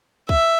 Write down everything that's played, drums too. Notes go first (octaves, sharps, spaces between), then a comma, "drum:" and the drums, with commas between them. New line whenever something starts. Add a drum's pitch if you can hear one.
E5, drum: kick